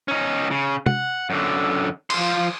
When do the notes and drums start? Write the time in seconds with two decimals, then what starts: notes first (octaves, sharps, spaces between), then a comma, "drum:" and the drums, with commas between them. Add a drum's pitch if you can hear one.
0.08 C#4 D#4
0.51 C#3
0.86 F#5, drum: tom
1.30 F#2 D3
2.10 F3 C6, drum: cymbal